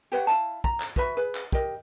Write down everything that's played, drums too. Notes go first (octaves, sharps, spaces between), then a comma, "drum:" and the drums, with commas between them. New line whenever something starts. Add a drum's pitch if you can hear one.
G4 B4 C#5 F#5
E4 E5 F5 A5
A#5, drum: kick
drum: clap
F#4 B4 E5 B5, drum: kick
G#4 B4
drum: clap
G4 A#4 D#5, drum: kick